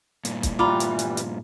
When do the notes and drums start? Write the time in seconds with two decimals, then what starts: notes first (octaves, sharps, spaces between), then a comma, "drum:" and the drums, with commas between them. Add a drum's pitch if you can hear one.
0.25 G2 A#2, drum: hi-hat
0.43 drum: kick, hi-hat
0.59 E3 G3 F4 A#5 B5 D6
0.80 drum: hi-hat
0.99 drum: hi-hat
1.17 drum: hi-hat